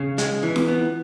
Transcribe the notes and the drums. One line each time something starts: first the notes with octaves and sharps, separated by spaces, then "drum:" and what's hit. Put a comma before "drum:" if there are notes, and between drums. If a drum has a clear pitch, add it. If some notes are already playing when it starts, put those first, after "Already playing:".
Already playing: C#3
G#3, drum: hi-hat
E3
drum: snare F4
B3